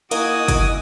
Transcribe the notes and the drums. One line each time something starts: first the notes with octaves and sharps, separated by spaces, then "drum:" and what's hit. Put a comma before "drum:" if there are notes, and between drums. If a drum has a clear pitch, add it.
A#3 D#4 E4 F#4 D#5 G#5 D6 D#6, drum: hi-hat
drum: kick, hi-hat